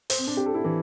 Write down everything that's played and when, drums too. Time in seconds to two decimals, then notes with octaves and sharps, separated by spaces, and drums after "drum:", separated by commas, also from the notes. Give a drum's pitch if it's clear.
0.10 C5, drum: open hi-hat
0.18 C4
0.27 D4
0.37 G4
0.46 A4
0.54 E4
0.64 E3